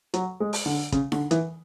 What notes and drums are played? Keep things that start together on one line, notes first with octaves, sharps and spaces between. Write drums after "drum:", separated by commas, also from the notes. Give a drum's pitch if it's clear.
F#3, drum: hi-hat
G#3
drum: open hi-hat
D3
C#3, drum: kick, hi-hat
D3, drum: snare D#4
E3, drum: hi-hat